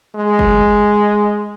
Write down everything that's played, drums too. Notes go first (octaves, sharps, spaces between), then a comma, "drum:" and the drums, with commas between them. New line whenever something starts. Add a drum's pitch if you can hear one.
G#3
drum: kick